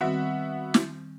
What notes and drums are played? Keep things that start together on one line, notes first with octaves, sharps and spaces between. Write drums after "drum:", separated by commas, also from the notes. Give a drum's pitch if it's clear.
D#3 G3 B3 C4 F#4 E5
drum: snare